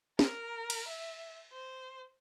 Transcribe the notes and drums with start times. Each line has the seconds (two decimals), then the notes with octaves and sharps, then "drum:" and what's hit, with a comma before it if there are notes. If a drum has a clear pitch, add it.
0.19 A#4, drum: snare
0.70 drum: cymbal
0.88 E5
1.53 C5